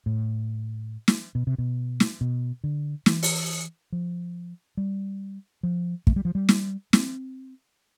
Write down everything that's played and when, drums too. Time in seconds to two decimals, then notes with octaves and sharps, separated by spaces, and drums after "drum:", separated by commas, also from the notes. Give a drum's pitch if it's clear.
0.06 A2
1.08 drum: snare
1.35 B2
1.47 C3
1.58 B2
2.00 drum: snare
2.21 B2
2.64 D3
3.06 E3, drum: snare
3.23 drum: open hi-hat
3.92 F3
4.77 G3
5.63 F3
6.07 A3, drum: kick
6.16 G3
6.25 F3
6.35 G3
6.49 drum: snare
6.93 C4, drum: snare